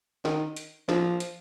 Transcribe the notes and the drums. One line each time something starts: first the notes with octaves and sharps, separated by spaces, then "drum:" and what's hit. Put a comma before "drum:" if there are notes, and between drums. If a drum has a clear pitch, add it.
D#3, drum: snare
drum: hi-hat
F3, drum: snare
drum: hi-hat